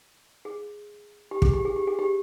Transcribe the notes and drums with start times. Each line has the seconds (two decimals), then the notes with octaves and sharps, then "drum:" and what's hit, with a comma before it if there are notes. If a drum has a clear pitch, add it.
0.45 G#4
1.31 G4
1.42 G#4, drum: kick
1.54 G4
1.65 G#4
1.76 G4
1.87 G#4
1.99 G4